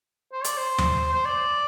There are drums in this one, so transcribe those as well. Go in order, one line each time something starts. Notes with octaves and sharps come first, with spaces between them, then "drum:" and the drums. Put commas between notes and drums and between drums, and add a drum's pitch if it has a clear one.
C5
D5, drum: hi-hat
C5
drum: tom D#2
C5
D5